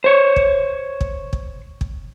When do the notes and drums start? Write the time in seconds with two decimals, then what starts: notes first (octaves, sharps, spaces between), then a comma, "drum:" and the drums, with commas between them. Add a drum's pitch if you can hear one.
0.04 C5 C#5
0.36 drum: kick
1.01 drum: kick
1.33 drum: kick
1.81 drum: kick